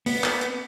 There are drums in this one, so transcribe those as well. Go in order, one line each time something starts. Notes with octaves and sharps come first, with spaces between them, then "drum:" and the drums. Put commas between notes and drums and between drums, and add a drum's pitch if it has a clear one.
B3, drum: open hi-hat
drum: clap
drum: hi-hat